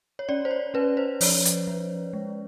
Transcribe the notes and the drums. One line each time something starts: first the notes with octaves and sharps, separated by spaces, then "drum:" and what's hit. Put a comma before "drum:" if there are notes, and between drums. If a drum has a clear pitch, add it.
C#5
C#4 D5
C5
C#5
C#4 B4
C5
F3 C#5, drum: open hi-hat
drum: hi-hat
F3
G#3